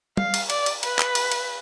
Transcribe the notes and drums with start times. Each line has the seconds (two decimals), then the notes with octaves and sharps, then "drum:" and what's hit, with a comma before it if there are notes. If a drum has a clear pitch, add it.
0.17 F5, drum: tom G3
0.34 drum: cymbal
0.50 D5, drum: cymbal
0.66 drum: cymbal
0.83 B4, drum: cymbal
0.99 drum: clap
1.15 drum: cymbal
1.32 drum: cymbal